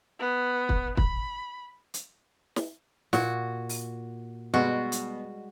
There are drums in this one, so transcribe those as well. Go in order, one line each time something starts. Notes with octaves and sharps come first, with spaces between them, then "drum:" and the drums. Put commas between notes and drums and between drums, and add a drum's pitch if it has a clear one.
B3
drum: kick
B5, drum: kick
drum: hi-hat
drum: snare
A#2 F#4, drum: snare
drum: open hi-hat
B2 G3 G#3 F#4
drum: hi-hat